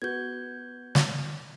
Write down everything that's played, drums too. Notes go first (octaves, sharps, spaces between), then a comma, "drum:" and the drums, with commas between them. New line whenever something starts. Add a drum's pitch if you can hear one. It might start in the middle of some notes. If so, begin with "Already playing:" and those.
B3 F#4 G6 G#6
drum: snare